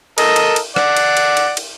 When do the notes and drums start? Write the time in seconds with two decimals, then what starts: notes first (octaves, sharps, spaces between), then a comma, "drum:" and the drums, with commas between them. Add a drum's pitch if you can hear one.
0.18 A4 A#4 D#5, drum: cymbal
0.36 drum: cymbal
0.56 drum: cymbal
0.76 D5 F#5, drum: rim click
0.97 drum: cymbal
1.17 drum: cymbal
1.37 drum: cymbal
1.57 drum: cymbal